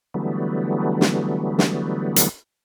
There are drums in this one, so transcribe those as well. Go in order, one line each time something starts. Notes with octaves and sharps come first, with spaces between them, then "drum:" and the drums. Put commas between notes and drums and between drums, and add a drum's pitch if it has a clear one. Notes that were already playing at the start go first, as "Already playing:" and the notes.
D3 E3 F#3 G3 A3 B3
drum: snare
drum: snare
drum: hi-hat